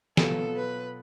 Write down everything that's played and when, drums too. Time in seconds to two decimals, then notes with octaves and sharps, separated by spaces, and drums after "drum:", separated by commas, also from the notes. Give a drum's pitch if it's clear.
0.17 B2 F#3 B3 F4 A4, drum: snare
0.56 B4